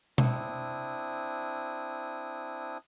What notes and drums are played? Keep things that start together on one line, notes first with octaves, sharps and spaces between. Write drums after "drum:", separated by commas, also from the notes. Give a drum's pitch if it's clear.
C4 D4 E4 D#6, drum: tom B2